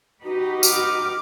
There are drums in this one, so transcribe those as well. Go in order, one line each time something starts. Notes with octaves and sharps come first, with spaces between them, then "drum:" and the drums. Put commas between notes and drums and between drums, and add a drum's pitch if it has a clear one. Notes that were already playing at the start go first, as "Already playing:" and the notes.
D#4 F#4 G4 B4
D6 F6, drum: tambourine